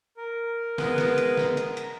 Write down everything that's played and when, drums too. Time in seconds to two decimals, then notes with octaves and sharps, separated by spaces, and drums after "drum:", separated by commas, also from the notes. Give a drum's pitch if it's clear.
0.17 A#4
0.78 G#3 B3, drum: snare
0.98 drum: snare
1.18 drum: hi-hat
1.37 drum: snare
1.57 drum: hi-hat
1.77 drum: hi-hat